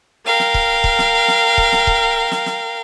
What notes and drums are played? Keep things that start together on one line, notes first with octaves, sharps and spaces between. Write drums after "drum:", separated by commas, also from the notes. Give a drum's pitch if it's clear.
A#4 F5 G5
drum: snare
drum: kick
drum: kick
drum: snare
drum: snare
drum: kick
drum: snare
drum: kick
drum: snare
drum: snare